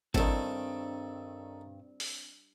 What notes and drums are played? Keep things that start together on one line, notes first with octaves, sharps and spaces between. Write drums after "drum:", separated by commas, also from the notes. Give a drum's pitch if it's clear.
E2 G2 D#3 C4 D4 A4, drum: kick G#1
drum: open hi-hat